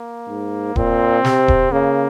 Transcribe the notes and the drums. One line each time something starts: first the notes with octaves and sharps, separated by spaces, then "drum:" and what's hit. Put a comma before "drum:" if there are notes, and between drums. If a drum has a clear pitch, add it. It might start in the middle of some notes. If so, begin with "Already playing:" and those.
Already playing: A#3
G#2
A#2 C4, drum: kick D#1
C3, drum: snare
drum: kick D#1
C#3 A#3